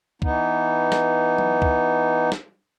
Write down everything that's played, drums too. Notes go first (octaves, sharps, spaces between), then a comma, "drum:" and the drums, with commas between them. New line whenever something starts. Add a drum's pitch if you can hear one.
E3 B3 D#4, drum: kick
drum: snare
drum: tom F#3
drum: kick
drum: snare